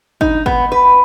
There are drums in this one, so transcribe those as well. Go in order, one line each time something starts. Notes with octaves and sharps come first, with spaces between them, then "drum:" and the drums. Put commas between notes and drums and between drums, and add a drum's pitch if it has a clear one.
D#4, drum: kick
B3, drum: kick
B4